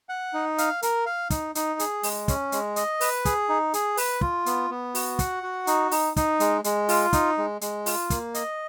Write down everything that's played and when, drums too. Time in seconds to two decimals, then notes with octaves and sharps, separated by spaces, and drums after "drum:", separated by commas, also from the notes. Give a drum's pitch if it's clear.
0.09 F#5
0.34 D#4
0.58 F5, drum: hi-hat
0.82 A#4, drum: hi-hat
1.06 F5
1.30 D#4, drum: kick, hi-hat
1.55 D#4, drum: hi-hat
1.79 G#4, drum: hi-hat
2.03 G#3, drum: open hi-hat
2.28 C#4, drum: kick, hi-hat
2.52 G#3, drum: hi-hat
2.76 D#5, drum: hi-hat
3.01 B4, drum: open hi-hat
3.25 G#4, drum: kick, hi-hat
3.49 D#4
3.74 G#4, drum: hi-hat
3.97 B4, drum: open hi-hat
4.21 F4, drum: kick
4.46 B3, drum: hi-hat
4.70 B3
4.95 F#4, drum: open hi-hat
5.19 F#5, drum: kick, hi-hat
5.43 F#4
5.67 D#4, drum: hi-hat
5.91 D#4, drum: open hi-hat
6.16 D#4, drum: kick, hi-hat
6.40 G#3, drum: hi-hat
6.64 G#3, drum: hi-hat
6.89 F4, drum: open hi-hat
7.13 D#4, drum: kick, hi-hat
7.38 G#3
7.61 G#3, drum: hi-hat
7.86 F4, drum: open hi-hat
8.10 A#3, drum: kick, hi-hat
8.34 D#5, drum: hi-hat